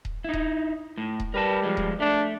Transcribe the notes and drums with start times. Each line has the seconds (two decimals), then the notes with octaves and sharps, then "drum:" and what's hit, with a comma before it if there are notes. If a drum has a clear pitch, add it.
0.05 drum: kick D#1
0.24 D#4 E4
0.34 drum: kick D#1
0.98 A2
1.20 drum: kick D#1
1.34 G3 A#4 B4 A5
1.63 F3 G#3
1.77 drum: kick D#1
2.00 A3 D4